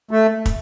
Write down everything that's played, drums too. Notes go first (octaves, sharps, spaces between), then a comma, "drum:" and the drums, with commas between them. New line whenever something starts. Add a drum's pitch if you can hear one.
A3
drum: kick, hi-hat